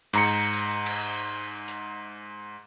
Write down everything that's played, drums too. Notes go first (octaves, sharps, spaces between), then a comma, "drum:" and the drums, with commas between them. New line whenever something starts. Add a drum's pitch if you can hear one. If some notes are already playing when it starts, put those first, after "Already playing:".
G#2 A#5 C#7, drum: cymbal
drum: open hi-hat
drum: cymbal
drum: hi-hat